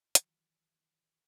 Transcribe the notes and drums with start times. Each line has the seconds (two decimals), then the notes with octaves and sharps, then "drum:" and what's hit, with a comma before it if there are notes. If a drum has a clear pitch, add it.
0.15 D#3 E3 F#3, drum: hi-hat